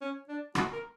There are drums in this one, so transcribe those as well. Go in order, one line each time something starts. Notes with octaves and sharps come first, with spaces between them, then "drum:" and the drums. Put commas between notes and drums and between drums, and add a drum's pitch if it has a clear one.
C#4
D4
F#4, drum: rim click
A#4